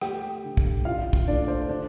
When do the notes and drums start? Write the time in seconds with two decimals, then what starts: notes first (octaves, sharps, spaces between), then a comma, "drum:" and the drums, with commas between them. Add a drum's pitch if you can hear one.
0.02 A3 G4 G5, drum: rim click
0.44 D3
0.57 drum: kick
0.85 A1 F4 F5
1.13 drum: kick
1.27 A3 D4 D5
1.48 C5
1.68 D3 D4 D5